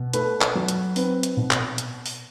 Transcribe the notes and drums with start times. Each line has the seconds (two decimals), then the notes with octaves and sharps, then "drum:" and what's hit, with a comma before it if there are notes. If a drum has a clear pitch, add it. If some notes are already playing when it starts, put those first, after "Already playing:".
Already playing: B2
0.13 A3 B4, drum: hi-hat
0.41 drum: clap
0.55 F#3
0.68 drum: hi-hat
0.96 C4 B4, drum: open hi-hat
1.23 drum: hi-hat
1.37 B2
1.51 drum: clap
1.78 drum: hi-hat
2.06 drum: open hi-hat